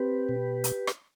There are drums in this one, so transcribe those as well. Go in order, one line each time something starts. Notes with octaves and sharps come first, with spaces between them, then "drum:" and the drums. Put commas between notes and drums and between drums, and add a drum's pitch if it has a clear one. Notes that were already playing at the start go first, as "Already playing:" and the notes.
Already playing: C4 G4 B4
B2
drum: hi-hat
drum: rim click